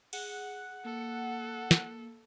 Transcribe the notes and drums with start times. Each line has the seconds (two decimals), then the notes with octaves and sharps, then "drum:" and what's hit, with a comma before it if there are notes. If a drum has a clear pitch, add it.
0.13 G#4 F#5, drum: cymbal
0.85 A#3 A4
1.71 drum: snare